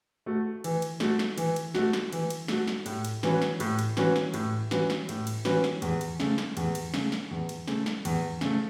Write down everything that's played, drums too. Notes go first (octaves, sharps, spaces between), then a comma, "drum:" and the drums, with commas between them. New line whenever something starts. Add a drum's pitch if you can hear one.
A3 F#4
E3, drum: cymbal
drum: cymbal
A3 F#4, drum: snare
drum: snare
E3, drum: cymbal
drum: cymbal
A3 F#4, drum: snare
drum: snare
E3, drum: cymbal
drum: cymbal
A3 F#4, drum: snare
drum: snare
A2, drum: cymbal
drum: cymbal
E3 C#4 F#4 B4, drum: snare
drum: snare
A2, drum: cymbal
drum: cymbal
E3 C#4 F#4 B4, drum: snare
drum: snare
A2, drum: cymbal
E3 C#4 F#4 B4, drum: snare
drum: snare
A2, drum: cymbal
drum: cymbal
E3 C#4 F#4 B4, drum: snare
drum: snare
E2, drum: cymbal
drum: cymbal
C#3 A3, drum: snare
drum: snare
E2, drum: cymbal
drum: cymbal
C#3 A3, drum: snare
drum: snare
E2
drum: cymbal
C#3 A3, drum: snare
drum: snare
E2, drum: cymbal
C#3 A3, drum: snare